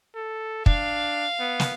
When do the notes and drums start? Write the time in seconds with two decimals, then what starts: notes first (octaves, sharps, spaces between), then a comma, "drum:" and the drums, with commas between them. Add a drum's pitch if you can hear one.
0.15 A4
0.66 D4 F5, drum: kick
1.40 B3
1.60 drum: snare